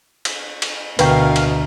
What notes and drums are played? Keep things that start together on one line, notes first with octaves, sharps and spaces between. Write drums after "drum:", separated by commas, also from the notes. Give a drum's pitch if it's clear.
drum: cymbal
drum: cymbal
D2 B2 A#4 B4 F5 G5 C#6, drum: cymbal
drum: cymbal